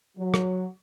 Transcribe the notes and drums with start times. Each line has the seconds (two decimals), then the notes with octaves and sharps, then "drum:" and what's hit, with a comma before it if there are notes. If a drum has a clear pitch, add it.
0.17 F#3
0.34 drum: rim click